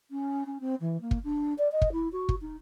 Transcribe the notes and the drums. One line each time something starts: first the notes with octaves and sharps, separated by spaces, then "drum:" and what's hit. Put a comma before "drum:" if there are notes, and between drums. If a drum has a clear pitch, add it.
C#4
C#4
C4
E3
A#3
drum: kick
D4
D5
D#5
drum: kick
E4
F#4
drum: kick
D#4